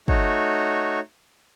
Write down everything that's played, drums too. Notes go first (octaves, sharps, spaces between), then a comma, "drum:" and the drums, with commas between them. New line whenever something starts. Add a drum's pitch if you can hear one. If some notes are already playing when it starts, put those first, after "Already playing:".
A3 D#4 F#4 C#5, drum: kick